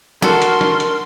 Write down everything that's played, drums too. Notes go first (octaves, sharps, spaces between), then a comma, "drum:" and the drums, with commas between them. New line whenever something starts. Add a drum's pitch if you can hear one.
F#4 A4 A#4 C6, drum: snare
drum: hi-hat
drum: snare
drum: hi-hat